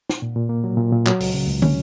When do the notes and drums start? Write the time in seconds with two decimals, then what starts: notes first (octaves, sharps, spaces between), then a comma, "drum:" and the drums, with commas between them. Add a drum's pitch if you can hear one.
0.10 drum: snare
0.22 A#2
0.36 A#2
0.49 A#3
0.64 F#3
0.77 A#2
0.92 A#2
1.06 F#3, drum: clap
1.20 C#2, drum: open hi-hat
1.34 C#3
1.48 C#2
1.62 C#4, drum: tom